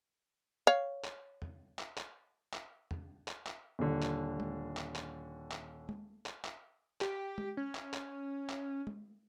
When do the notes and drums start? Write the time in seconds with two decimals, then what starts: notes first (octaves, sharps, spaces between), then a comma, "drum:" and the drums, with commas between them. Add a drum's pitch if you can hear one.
0.67 C#5 F5
1.04 drum: clap
1.42 drum: tom
1.79 drum: clap
1.98 drum: clap
2.53 drum: clap
2.91 drum: tom
3.28 drum: clap
3.47 drum: clap
3.79 D#1 D3
4.03 drum: clap
4.40 drum: tom G#3
4.77 drum: clap
4.96 drum: clap
5.52 drum: clap
5.89 drum: tom G#3
6.26 drum: clap
6.45 drum: clap
7.01 G4, drum: clap
7.38 drum: tom G#3
7.57 C#4
7.75 drum: clap
7.94 drum: clap
8.50 drum: clap
8.87 drum: tom G#3